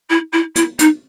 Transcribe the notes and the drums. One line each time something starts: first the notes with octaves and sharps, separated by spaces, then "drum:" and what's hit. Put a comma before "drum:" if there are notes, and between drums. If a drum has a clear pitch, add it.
E4
E4
E4, drum: hi-hat
D#4, drum: hi-hat